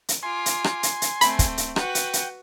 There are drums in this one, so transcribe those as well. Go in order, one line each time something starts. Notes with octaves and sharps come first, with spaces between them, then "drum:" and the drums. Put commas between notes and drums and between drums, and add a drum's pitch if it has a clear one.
drum: hi-hat
F4 G#5 C6 D6
drum: hi-hat
drum: rim click
drum: hi-hat
drum: hi-hat
A3 C4 B5, drum: hi-hat
drum: kick, hi-hat
drum: hi-hat
F#4 B4 F#5 G5, drum: rim click
drum: hi-hat
drum: hi-hat